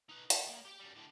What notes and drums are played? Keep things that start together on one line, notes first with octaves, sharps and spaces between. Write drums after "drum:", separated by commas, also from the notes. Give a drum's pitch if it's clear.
D#4 B4
E5 A5, drum: hi-hat
A#3 B3
G4 G5
F#2 G3
A2 D3